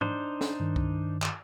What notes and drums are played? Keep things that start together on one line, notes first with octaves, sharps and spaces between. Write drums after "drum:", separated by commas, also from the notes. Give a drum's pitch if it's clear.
D4 D#4 C5, drum: tom G#2
drum: snare
G2 D#3
drum: kick C2
drum: clap